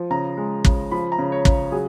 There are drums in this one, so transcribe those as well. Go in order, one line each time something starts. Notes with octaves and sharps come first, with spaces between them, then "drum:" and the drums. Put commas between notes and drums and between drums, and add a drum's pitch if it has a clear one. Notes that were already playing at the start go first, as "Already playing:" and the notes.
Already playing: F3
C#3 A#5
G#3
C#3, drum: kick
F3 B5
A#5
C#3
C#5
C#3, drum: kick
F#3 G#4